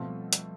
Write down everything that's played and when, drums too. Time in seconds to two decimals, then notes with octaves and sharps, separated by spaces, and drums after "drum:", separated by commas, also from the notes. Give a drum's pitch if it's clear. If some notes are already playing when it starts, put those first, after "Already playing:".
Already playing: B2 F3 A3 C4 F4 A4
0.09 G3
0.33 drum: hi-hat